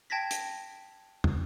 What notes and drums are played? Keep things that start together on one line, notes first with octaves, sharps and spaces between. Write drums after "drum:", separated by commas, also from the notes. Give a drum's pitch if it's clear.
G5 A5 G#6 A#6 B6
drum: hi-hat
drum: tom